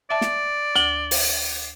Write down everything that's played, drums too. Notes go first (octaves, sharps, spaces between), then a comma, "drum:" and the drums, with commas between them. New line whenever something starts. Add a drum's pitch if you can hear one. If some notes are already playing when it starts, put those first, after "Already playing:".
D5 E5 A5
drum: snare
D2 F#7 G7
drum: open hi-hat